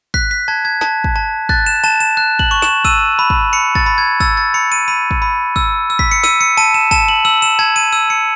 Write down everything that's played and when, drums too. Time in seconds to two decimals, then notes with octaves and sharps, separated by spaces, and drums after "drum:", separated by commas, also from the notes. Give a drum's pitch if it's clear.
0.14 F#6 B6, drum: kick
0.31 B6
0.48 A5 G#6
0.65 G#6
0.81 A5, drum: snare
1.04 drum: kick
1.16 A5
1.49 F#6 A6, drum: kick
1.66 E7
1.84 A5 E7
2.00 E7
2.17 F#6
2.39 F#7, drum: kick
2.51 C#6
2.62 E7, drum: snare
2.85 E6 D#7, drum: kick
3.19 B5
3.30 drum: kick
3.53 B5 C#7
3.75 A6, drum: kick
3.86 B5
3.98 G#6
4.20 E6 A6, drum: kick
4.37 A6
4.54 B5 C#7
4.72 D#7
4.88 B5 D#7
5.11 drum: kick
5.22 B5
5.56 E6, drum: kick
5.90 E6
5.99 B6, drum: kick
6.11 C#7
6.23 E6 D#7, drum: snare
6.41 C#7
6.57 A5 D#7
6.74 E7
6.91 A5 E7, drum: kick
7.09 F#7
7.25 E6 F#7
7.42 E7
7.59 A5 G#6
7.76 D#7
7.92 E6 D#7
8.10 C#7